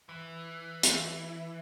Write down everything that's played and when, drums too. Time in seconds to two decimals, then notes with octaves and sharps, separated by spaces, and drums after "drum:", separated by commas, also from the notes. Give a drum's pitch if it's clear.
0.09 E3
0.83 drum: hi-hat